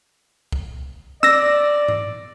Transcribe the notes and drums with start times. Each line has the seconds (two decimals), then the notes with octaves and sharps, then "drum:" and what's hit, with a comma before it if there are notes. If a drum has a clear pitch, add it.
0.52 drum: kick C2
1.23 D5 E6 A#6, drum: snare
1.88 drum: tom G#2